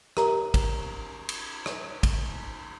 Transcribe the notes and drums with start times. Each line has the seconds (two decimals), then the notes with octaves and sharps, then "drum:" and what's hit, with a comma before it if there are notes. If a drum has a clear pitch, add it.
0.17 G4 A#4 A#5, drum: rim click
0.54 drum: kick, cymbal
1.29 drum: cymbal
1.66 drum: rim click
2.03 drum: kick, cymbal